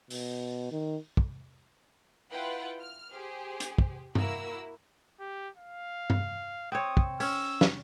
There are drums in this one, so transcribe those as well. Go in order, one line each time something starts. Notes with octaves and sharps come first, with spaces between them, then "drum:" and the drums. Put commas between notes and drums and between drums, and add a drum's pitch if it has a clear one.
B2, drum: open hi-hat
D#3
drum: kick
E4 F4 B4 F#5 G5
F6
G4 G#4 C5
drum: hi-hat
drum: kick
A#3 E4 F#4 A#4 E6, drum: tom G2
G4
F5
drum: tom G2
C4 C#5 D#6
drum: kick
C#4 E6, drum: open hi-hat
drum: snare